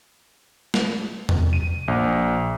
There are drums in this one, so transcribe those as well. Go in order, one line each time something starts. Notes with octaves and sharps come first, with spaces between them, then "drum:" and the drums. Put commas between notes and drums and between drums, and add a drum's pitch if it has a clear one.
drum: snare
drum: tom E2
D#7
A#1